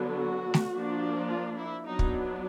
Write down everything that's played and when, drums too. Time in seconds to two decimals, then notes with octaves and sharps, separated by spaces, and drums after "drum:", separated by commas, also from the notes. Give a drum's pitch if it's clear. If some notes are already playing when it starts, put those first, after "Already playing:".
Already playing: D3 F#3 B3 D4
0.15 F#4
0.54 drum: snare A3
0.72 F3 A#3 D4
1.29 F4
1.57 E4
1.86 F#3 B3 D4 D#4
1.99 drum: kick